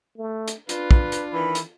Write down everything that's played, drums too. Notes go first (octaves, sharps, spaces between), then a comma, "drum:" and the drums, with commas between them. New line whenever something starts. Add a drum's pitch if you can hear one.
A3
drum: hi-hat
D4 F4 B4, drum: hi-hat
drum: kick
drum: hi-hat
D#3 E3 B5
drum: hi-hat